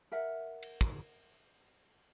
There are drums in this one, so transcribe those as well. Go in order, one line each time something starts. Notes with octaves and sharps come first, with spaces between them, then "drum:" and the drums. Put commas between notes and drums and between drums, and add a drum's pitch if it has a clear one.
A#4 E5 F#5
drum: cymbal
drum: kick